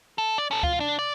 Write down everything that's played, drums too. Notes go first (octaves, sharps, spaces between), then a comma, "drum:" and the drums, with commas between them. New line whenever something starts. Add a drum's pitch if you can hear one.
A4
D5
C#4 A4
F4, drum: kick
D4
D5